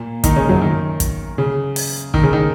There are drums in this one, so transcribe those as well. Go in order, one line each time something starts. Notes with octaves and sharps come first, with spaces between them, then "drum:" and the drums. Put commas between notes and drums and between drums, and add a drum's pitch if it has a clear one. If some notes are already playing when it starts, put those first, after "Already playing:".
Already playing: A#2 A#3
D#3 D#4, drum: kick, hi-hat
C#3 C#4
F#2 F#3
D#3
drum: kick, hi-hat
C#3
drum: open hi-hat
D#3, drum: kick
C#3
D#3